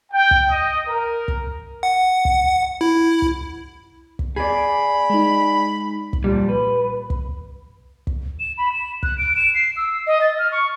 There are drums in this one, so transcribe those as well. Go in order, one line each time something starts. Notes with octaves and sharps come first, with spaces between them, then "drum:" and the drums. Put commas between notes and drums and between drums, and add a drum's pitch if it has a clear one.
G5
drum: kick
D#5
A#4
drum: kick
F#5
drum: kick
E4
drum: kick
drum: kick
G#4 D5 B5
G#3 D#4
drum: kick
A#2 F3 G3
B4
drum: kick
drum: kick
E7
B5
E7
F#6, drum: kick
D7
E7
C7
E6
D#5
A6
F6
C#6